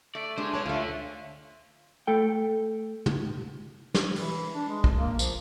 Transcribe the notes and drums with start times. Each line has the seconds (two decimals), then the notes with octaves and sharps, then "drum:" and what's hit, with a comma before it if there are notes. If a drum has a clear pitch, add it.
0.15 A3 D5
0.37 G#3 D4 G4 G#4 C5
0.54 D3 C#5 A5
0.66 D2 A3 F4 F5
2.07 A3 A4 G5
3.06 drum: tom
3.94 drum: snare
4.16 E3, drum: open hi-hat
4.54 D4
4.69 G#3
4.84 drum: kick
4.95 A#3
5.19 F3, drum: tambourine